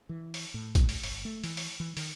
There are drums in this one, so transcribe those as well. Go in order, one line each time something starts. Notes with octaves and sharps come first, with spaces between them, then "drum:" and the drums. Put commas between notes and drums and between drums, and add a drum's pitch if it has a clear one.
E3
drum: open hi-hat
A2
drum: kick, hi-hat
drum: open hi-hat
G1, drum: open hi-hat
A3
E3, drum: open hi-hat
drum: open hi-hat
E3
D#3, drum: open hi-hat